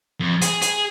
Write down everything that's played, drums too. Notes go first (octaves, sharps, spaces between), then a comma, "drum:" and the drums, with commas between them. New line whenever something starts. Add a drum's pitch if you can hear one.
F2
G#4, drum: hi-hat
G#4, drum: hi-hat